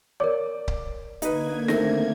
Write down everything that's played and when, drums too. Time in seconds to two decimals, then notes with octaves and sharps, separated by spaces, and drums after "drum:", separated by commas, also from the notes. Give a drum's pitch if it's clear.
0.20 A#4 C#5 D5 D6
0.68 drum: kick C#1
1.22 D3 A#3 D#4 B4 G#6, drum: hi-hat
1.68 D#3 A3 C4 A#4 A#6, drum: snare